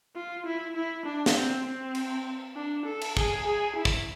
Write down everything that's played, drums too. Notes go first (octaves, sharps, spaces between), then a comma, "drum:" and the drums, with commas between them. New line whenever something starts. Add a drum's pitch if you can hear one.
F4
E4
E4
D4
drum: snare
C4
C4
drum: cymbal
D4
A4
drum: cymbal
G#4, drum: kick
G#4
E4
drum: kick